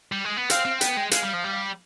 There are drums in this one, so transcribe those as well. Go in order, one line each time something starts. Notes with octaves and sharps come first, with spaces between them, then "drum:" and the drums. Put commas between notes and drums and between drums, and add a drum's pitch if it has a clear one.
G3
G#3
B3
C4 F5, drum: hi-hat
C4
B3 G5, drum: hi-hat
G#3
G#3 F5, drum: hi-hat
G3
F3
G3